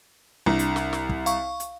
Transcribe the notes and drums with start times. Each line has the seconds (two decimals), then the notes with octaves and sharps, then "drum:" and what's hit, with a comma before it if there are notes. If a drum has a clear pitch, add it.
0.46 C2 D4
0.59 drum: hi-hat
0.76 drum: snare
0.93 drum: snare
1.09 drum: kick
1.26 F5 C#6, drum: hi-hat
1.60 drum: hi-hat